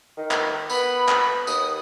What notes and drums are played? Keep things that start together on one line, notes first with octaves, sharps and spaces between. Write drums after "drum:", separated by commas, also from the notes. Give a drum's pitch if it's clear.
D#3
drum: clap
B3 B5, drum: tambourine
drum: clap
D#2 D#6, drum: tambourine